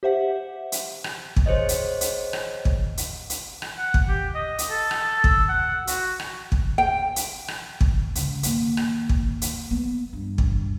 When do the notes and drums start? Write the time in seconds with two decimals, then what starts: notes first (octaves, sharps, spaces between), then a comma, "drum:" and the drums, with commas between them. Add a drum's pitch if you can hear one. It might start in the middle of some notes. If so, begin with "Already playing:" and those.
0.03 G4 C5 E5 F#5
0.72 drum: hi-hat
1.04 drum: rim click
1.36 drum: kick
1.46 G#4 C5 C#5 D#5
1.69 drum: hi-hat
2.01 drum: hi-hat
2.33 drum: rim click
2.65 drum: kick
2.97 drum: hi-hat
3.30 drum: hi-hat
3.62 drum: rim click
3.78 F#5
3.94 drum: kick
4.08 G4
4.35 D#5
4.58 drum: hi-hat
4.70 A4
4.91 drum: rim click
5.24 E6, drum: kick
5.49 F#5
5.87 F#4, drum: hi-hat
6.20 drum: rim click
6.52 drum: kick
6.78 G5
7.16 drum: hi-hat
7.48 drum: rim click
7.81 drum: kick
8.15 G#2 C#3, drum: hi-hat
8.43 D#2, drum: hi-hat
8.77 drum: rim click
9.09 drum: kick
9.42 drum: hi-hat
9.71 B3
10.13 G2
10.38 drum: kick